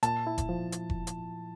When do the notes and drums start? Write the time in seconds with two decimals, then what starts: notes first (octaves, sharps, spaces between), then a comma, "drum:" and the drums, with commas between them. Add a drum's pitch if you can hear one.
0.03 A#2 A5, drum: hi-hat
0.27 E4
0.38 drum: kick F1, hi-hat
0.49 F3
0.72 drum: hi-hat
0.90 drum: kick F1
1.07 drum: hi-hat